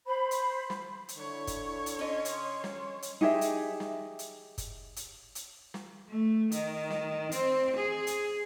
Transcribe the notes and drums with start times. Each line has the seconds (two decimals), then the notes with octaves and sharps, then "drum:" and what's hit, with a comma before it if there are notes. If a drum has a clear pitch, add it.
0.06 C5 B5
0.31 drum: hi-hat
0.70 drum: snare
1.09 drum: hi-hat
1.18 D3 E4 C#5 C#6
1.47 drum: kick F#1, hi-hat
1.86 drum: hi-hat
1.99 C#4 D#5 C6
2.25 drum: hi-hat
2.64 drum: snare
3.02 drum: hi-hat
3.21 D#4 G4 G#4 E5
3.41 drum: hi-hat
3.80 drum: snare
4.19 drum: hi-hat
4.58 drum: kick F#1, hi-hat
4.96 drum: hi-hat
5.35 drum: hi-hat
5.74 drum: snare
6.09 A3
6.52 D#3, drum: hi-hat
6.90 drum: snare
7.32 C4, drum: hi-hat
7.76 G#4
8.07 drum: hi-hat